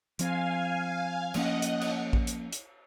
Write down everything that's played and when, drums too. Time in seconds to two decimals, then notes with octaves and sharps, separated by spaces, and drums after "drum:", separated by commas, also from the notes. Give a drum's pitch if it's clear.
0.19 F3 C4 F5 G#5, drum: hi-hat
1.34 F3 A#3 C#4 D#5 F#5, drum: cymbal
1.62 drum: hi-hat
1.81 drum: cymbal
2.13 drum: kick A1
2.27 drum: hi-hat
2.53 drum: hi-hat